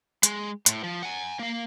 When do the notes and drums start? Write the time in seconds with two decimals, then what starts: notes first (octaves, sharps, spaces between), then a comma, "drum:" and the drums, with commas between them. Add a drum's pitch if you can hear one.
0.23 G#3, drum: hi-hat
0.66 A2, drum: hi-hat
0.84 F3
1.03 F#5 G#5
1.39 A#3 F5